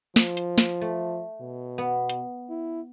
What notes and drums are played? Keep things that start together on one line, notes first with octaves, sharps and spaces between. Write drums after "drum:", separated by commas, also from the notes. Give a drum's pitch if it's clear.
F3, drum: snare
drum: hi-hat
drum: snare
A3
B2
B3
drum: hi-hat
E4